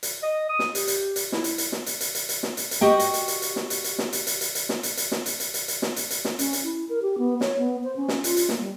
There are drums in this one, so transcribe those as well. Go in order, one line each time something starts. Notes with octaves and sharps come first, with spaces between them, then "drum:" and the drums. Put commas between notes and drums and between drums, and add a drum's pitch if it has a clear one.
drum: hi-hat
D#5
D#6
drum: snare
G4, drum: hi-hat
drum: hi-hat
drum: hi-hat
E4, drum: snare
drum: hi-hat
drum: hi-hat
drum: snare
drum: hi-hat
drum: hi-hat
drum: hi-hat
drum: hi-hat
drum: snare
drum: hi-hat
drum: hi-hat
F#4 G4 D#5 G5
drum: hi-hat
drum: hi-hat
drum: hi-hat
drum: hi-hat
drum: snare
drum: hi-hat
drum: hi-hat
drum: snare
drum: hi-hat
drum: hi-hat
drum: hi-hat
drum: hi-hat
drum: snare
drum: hi-hat
drum: hi-hat
drum: snare
drum: hi-hat
drum: hi-hat
drum: hi-hat
drum: hi-hat
drum: snare
drum: hi-hat
drum: hi-hat
drum: snare
C#4, drum: hi-hat
drum: hi-hat
E4
A#4
G4
B3
C#5, drum: snare
B3
C5
C#4
drum: snare
F4, drum: hi-hat
drum: hi-hat
A#3, drum: snare
G3